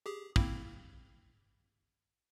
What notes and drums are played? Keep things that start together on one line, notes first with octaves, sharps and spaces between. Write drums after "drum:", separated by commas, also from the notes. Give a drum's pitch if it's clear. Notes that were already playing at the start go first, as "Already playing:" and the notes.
G4 G#4
A#3 C4 E4, drum: kick